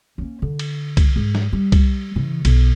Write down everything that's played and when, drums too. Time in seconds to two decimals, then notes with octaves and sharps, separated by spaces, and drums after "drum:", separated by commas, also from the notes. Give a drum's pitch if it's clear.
0.18 A#3 C#4
0.42 D3
0.59 drum: cymbal
0.97 drum: kick, cymbal
1.16 G#2
1.35 drum: snare
1.53 G3
1.72 drum: kick, cymbal
2.16 C#3 E3
2.45 B1 D3, drum: cymbal